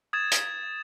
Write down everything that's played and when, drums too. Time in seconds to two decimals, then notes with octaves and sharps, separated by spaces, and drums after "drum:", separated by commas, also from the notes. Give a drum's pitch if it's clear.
0.13 D#6 G#6 A6 E7
0.31 drum: hi-hat